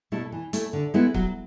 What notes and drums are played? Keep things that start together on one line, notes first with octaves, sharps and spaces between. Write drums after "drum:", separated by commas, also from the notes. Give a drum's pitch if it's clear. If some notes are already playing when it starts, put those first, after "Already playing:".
B2 A3 E4 A4
E3
A3 E4, drum: hi-hat
D3
G#3 B3 E4
F#3, drum: kick C#1